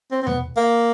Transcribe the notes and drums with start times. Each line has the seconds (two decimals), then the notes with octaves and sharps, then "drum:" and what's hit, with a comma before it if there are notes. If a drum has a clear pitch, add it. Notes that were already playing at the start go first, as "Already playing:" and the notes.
0.11 C4
0.22 C4
0.27 B3, drum: tom E2
0.57 A#3